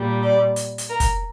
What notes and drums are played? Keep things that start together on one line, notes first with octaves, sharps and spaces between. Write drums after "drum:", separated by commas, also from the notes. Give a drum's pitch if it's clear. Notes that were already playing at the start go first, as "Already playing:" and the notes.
Already playing: A#2 G3
D5
drum: hi-hat
drum: hi-hat
A#4
drum: kick, hi-hat